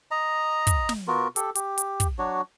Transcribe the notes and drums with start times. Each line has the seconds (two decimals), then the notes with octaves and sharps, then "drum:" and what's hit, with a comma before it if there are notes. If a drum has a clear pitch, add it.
0.11 D#5 A#5
0.67 drum: kick, hi-hat
0.89 drum: snare
1.08 B3 F4 F#4 A#4
1.36 G4 A4, drum: hi-hat
1.55 G4, drum: hi-hat
1.78 drum: hi-hat
2.00 drum: kick, hi-hat
2.19 F#3 D4 F#4 C#5